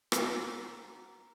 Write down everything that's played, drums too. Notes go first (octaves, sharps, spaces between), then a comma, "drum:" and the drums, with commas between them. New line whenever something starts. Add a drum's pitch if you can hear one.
F#4 A#5, drum: rim click